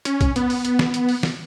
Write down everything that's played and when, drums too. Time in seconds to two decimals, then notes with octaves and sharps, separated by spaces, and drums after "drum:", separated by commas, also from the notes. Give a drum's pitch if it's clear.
0.05 C#4, drum: hi-hat
0.21 drum: kick, hi-hat
0.36 B3, drum: hi-hat
0.50 drum: open hi-hat
0.65 drum: hi-hat
0.79 drum: snare
0.94 drum: hi-hat
1.09 drum: open hi-hat
1.23 drum: snare